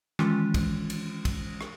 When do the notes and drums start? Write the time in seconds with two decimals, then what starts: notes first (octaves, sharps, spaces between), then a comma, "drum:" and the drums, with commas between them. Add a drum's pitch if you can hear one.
0.19 D#3 E3 G#3 C#4 F4, drum: rim click
0.54 drum: kick, cymbal
0.90 drum: cymbal
1.25 drum: kick, cymbal
1.61 drum: rim click